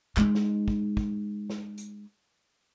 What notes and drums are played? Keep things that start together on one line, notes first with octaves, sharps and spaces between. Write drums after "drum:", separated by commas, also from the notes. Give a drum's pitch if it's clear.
G#3 D#4, drum: clap
drum: snare
drum: kick
drum: kick
drum: snare
drum: hi-hat